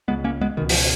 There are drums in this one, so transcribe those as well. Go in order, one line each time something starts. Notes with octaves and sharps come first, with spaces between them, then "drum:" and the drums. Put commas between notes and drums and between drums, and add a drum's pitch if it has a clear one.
C#2 C#3 G#3 B3
A#3 C#4
G#3 B3
C#2 B2 D#3
F3, drum: open hi-hat